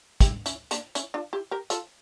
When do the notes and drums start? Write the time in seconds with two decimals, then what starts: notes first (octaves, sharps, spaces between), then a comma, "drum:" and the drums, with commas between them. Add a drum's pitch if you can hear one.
0.21 E4 G4, drum: kick, hi-hat
0.46 C#4 E4, drum: hi-hat
0.71 A#3 D4, drum: hi-hat
0.95 C#4 E4, drum: hi-hat
1.14 D4 F4
1.33 E4 G4
1.51 G4 A#4
1.70 F4 A4, drum: hi-hat